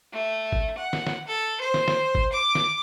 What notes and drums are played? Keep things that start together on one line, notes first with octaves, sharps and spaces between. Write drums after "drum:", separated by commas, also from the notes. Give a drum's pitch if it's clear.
A3
drum: kick
F#5
drum: snare
drum: snare
A4
C5
drum: snare
drum: snare
drum: kick
D6
drum: snare